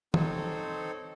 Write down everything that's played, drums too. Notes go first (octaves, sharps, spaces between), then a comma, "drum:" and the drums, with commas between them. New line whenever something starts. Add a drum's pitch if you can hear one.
C4 D#4 A4 C5 C#5, drum: tom